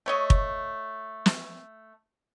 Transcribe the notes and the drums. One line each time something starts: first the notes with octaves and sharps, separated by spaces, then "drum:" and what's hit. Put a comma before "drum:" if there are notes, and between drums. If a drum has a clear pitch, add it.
A3 C#5 D#5
drum: kick
drum: snare